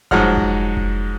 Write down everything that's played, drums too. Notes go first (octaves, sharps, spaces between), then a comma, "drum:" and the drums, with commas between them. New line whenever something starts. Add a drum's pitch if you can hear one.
G#2 F3 F#3 G#3 F#5 F6, drum: kick F1
drum: kick F1
drum: kick F1